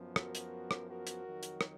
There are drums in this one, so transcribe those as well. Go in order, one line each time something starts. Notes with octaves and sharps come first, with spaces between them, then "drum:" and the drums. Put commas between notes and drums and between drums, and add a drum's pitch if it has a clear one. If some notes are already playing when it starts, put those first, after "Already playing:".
Already playing: F#2 F3 B3
F#4 A#4, drum: rim click
drum: hi-hat
drum: rim click
F#4 A#4
drum: hi-hat
F2 D#3 F#3
drum: hi-hat
drum: rim click